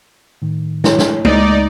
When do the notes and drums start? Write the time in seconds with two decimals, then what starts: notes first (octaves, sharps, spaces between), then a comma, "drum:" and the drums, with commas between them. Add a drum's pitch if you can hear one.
0.42 A2 D#3
0.84 E4 C#5, drum: snare
0.99 drum: snare
1.25 C#2 G#3 A#3 D#4 D5, drum: tom G#3